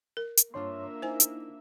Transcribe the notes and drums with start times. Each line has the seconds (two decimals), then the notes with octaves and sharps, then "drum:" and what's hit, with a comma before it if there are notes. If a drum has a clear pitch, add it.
0.17 A#4
0.37 drum: hi-hat
0.54 G2 A#3 C4 D4 F4 C#5 E5 C6
1.02 D#4 E4 C5 G#5
1.20 drum: hi-hat